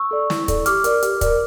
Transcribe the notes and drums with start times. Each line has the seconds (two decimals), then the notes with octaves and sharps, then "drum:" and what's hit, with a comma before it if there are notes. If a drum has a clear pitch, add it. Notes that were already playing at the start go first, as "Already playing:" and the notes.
Already playing: C#6 E6
0.11 A4 D5
0.30 E4, drum: snare
0.48 A4 D5, drum: kick, hi-hat
0.66 G4 D6 F6, drum: hi-hat
0.84 A#4 D5, drum: hi-hat
1.02 G4, drum: hi-hat
1.21 A#4 D5, drum: kick, hi-hat